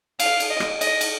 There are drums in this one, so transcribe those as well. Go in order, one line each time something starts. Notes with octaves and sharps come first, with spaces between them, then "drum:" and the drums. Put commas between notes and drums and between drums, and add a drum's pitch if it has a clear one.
F5, drum: cymbal
drum: cymbal
D#5
drum: rim click
D#5, drum: cymbal
drum: cymbal